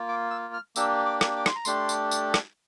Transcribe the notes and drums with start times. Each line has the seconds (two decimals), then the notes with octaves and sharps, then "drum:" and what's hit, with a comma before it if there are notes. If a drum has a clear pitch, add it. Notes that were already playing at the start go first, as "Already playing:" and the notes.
Already playing: A#3 F4
0.09 D6
0.31 E6
0.54 F6
0.76 A#3 D4 G4 E6, drum: tambourine
1.06 D6
1.21 drum: rim click
1.36 D6
1.46 C6, drum: rim click
1.55 A#5
1.65 A3 D4 G4 C6, drum: tambourine
1.89 drum: tambourine
2.11 drum: tambourine
2.34 drum: rim click